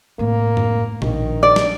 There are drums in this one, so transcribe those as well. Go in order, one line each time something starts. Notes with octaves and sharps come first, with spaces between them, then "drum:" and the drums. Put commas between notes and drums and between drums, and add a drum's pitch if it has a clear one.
A2 C3 A#3
drum: tom F#2
A#1 D#3, drum: tom B2
D5
drum: snare